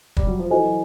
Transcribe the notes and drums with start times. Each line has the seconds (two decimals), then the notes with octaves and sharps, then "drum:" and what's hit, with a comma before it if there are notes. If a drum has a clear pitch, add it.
0.17 G3, drum: kick
0.27 F#3
0.39 F3
0.50 E3 F#4 A4 C5 D#5 G#5
0.64 F#3